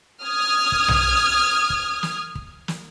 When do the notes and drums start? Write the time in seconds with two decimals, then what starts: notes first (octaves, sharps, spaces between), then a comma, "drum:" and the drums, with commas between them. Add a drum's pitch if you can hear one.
0.23 D#6 F6 G#6
0.72 drum: kick
0.88 drum: tom B1
1.70 drum: kick
2.03 drum: snare
2.35 drum: kick
2.68 drum: snare